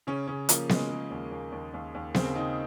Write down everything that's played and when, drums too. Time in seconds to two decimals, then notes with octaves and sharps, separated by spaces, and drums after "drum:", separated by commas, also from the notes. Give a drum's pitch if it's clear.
0.07 C#3 C#4
0.28 C#3 C#4
0.49 F3 A#3, drum: hi-hat
0.69 C#3 G#3, drum: snare B3
0.90 C#3
1.11 D#2
1.31 D#2
1.52 D#2
1.74 D#2
1.95 D#2
2.15 C#3 C4, drum: snare B3
2.35 C#3 D#4